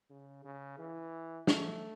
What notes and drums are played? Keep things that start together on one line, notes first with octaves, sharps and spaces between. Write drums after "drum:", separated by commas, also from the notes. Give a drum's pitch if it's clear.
C#3
C#3
E3
A3, drum: snare